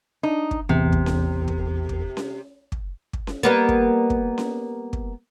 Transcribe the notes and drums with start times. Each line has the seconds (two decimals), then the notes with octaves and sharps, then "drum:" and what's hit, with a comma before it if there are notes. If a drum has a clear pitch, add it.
0.23 D4 D#4
0.51 drum: kick
0.69 A1 E2 C3
0.92 drum: kick
1.06 drum: snare C#4
1.48 drum: kick
1.89 drum: kick
2.17 drum: snare C#4
2.72 drum: kick
3.13 drum: kick
3.27 drum: snare C#4
3.43 G3 A#3 B3
3.69 drum: kick
4.10 drum: kick
4.38 drum: snare C#4
4.93 drum: kick